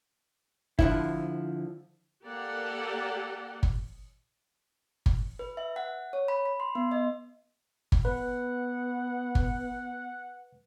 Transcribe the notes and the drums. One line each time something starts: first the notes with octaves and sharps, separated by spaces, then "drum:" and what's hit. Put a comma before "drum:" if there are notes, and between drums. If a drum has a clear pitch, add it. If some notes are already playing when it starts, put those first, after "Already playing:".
D3 F3 E4, drum: kick G1
A#3 G4 A4 D5 F#5
drum: kick G1
drum: kick G1
B4
E5
F#5
C#5
B5
B5
C6
B3
D#5
drum: kick G1
B3 B4 F#5
drum: kick G1